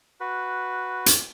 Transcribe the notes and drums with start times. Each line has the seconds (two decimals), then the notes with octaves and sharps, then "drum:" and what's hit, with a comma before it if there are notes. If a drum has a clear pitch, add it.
0.21 F#4 B4
1.06 drum: hi-hat